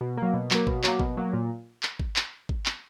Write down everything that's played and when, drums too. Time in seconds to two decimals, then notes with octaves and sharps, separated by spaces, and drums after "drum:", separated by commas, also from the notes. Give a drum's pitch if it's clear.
0.01 B2
0.17 F#3 A#3
0.34 B2
0.51 F#3 A#3, drum: clap
0.67 B2, drum: kick
0.84 F#3 A#3, drum: clap
0.99 B2, drum: kick
1.17 F#3 A#3
1.33 A#2
1.83 drum: clap
2.00 drum: kick
2.16 drum: clap
2.49 drum: kick
2.66 drum: clap